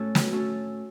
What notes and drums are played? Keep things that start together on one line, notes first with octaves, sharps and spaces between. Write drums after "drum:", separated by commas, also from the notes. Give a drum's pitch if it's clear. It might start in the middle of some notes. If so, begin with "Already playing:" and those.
Already playing: A2 A3 C#4 F#4 A4
drum: snare
A3 C#4 F#4 A4